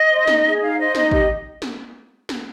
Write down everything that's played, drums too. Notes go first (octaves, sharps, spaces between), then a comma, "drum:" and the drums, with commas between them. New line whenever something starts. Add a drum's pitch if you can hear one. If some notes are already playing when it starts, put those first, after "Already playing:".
Already playing: D#5
C5
D#4, drum: snare
G#4
D#4 F5
C5 D#5
D#4 D#5, drum: snare
G4 D#5, drum: kick
drum: snare
drum: snare